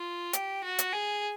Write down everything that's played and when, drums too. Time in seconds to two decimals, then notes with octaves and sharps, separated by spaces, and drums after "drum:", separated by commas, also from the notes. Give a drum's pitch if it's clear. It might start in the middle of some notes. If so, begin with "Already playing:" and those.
Already playing: F4
0.33 G4, drum: hi-hat
0.64 F#4
0.78 drum: hi-hat
0.93 G#4